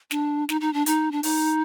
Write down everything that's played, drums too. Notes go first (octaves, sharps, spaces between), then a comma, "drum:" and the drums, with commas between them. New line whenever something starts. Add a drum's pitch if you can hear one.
D4, drum: snare
D#4, drum: snare
D#4
D4
D#4, drum: hi-hat
D4
D#4, drum: open hi-hat